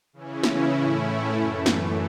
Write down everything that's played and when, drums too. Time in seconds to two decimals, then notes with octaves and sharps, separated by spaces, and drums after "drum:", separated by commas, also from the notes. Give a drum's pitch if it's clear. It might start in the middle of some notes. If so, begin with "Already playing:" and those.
0.13 C#3 E3 C#4 E4
0.44 drum: snare
0.74 A2 A3 C#4 E4
1.35 F#2 E3 A3
1.66 drum: snare